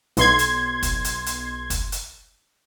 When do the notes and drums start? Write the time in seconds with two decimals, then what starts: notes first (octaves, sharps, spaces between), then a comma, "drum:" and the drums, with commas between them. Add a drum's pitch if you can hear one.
0.17 B1 C6 G#6, drum: hi-hat
0.39 drum: hi-hat
0.83 drum: kick, hi-hat
1.04 drum: hi-hat
1.26 drum: hi-hat
1.70 drum: kick, hi-hat
1.92 drum: hi-hat